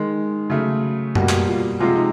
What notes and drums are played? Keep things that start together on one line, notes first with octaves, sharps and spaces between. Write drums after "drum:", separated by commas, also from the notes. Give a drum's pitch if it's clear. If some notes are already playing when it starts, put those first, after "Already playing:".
Already playing: D#3 G#3
C#3 F#3 A3
B2 G3 A#3 F#4, drum: tom F#2
drum: clap
F4
C3 F3 G#3 F4
D#4